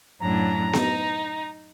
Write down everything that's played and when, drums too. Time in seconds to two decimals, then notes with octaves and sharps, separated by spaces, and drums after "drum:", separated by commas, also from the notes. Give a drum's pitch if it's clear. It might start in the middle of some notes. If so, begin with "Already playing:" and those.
0.20 F#2 A2 D4 A#5
0.73 D#4, drum: snare B3